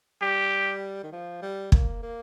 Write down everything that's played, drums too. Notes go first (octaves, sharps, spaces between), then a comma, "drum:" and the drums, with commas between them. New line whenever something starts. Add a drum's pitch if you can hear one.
G3 G4
D#3
F3
G3
A#3, drum: kick
A#3